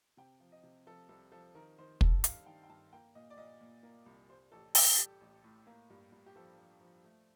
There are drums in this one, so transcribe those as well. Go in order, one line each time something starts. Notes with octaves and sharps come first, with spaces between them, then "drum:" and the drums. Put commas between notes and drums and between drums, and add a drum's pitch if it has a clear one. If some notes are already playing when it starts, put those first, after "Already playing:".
C3 G5
F3
D#5
C3
F3 A4
C2 A4
F3 A4
D#3 A#4
D#3 C5
G2 A4, drum: kick
G3 F5, drum: hi-hat
D#3 G5
G5
G2 A5
A#3 G5
A#2 D#5
D5
A#2 D#5
A#2
A#3
C2
G3 C5
A1 A4
A1 A4, drum: open hi-hat
A4
G3 G4
A1
A2
A#3
G2
G2
G4
F3 A4
F3
F3
A3